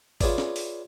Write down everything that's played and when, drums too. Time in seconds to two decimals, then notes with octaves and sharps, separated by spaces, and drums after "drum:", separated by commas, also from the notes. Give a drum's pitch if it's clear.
0.21 F4 G#4 B4 C#5 D5 E5, drum: kick G#1, open hi-hat
0.38 drum: snare
0.56 drum: open hi-hat